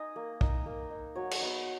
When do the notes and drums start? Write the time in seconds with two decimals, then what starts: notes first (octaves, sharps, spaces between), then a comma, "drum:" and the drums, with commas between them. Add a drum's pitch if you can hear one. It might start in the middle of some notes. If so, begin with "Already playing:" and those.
Already playing: D#4 D#5 G#5
0.16 A#3
0.41 D#4, drum: kick
0.66 A#3
0.91 D#4
1.15 F#3 C#5
1.31 drum: cymbal
1.41 B3 D#4